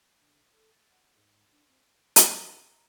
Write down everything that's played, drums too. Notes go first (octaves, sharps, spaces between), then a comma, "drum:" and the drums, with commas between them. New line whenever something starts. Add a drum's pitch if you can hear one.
D3
A4
A6
F#5
G#2
D4
C4
D7
drum: hi-hat
F4
A5
A#5